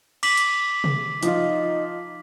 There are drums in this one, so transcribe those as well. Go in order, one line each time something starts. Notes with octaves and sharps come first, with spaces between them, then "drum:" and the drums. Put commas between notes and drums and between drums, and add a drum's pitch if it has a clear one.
D6 B6 F#7, drum: cymbal
drum: hi-hat
drum: tom C3
F3 D#4 F4, drum: hi-hat